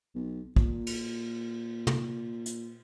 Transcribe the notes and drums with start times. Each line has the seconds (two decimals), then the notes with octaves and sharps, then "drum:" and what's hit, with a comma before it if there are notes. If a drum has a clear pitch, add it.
0.15 B1
0.56 A#2, drum: kick
0.87 drum: cymbal
1.87 drum: tom
2.46 drum: hi-hat